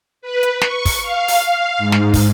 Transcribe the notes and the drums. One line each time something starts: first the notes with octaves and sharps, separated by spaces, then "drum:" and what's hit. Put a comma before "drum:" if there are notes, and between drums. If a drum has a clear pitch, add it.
B4
drum: hi-hat
C#6, drum: snare
drum: kick, open hi-hat
F5
drum: open hi-hat
G#2
drum: snare
drum: kick, open hi-hat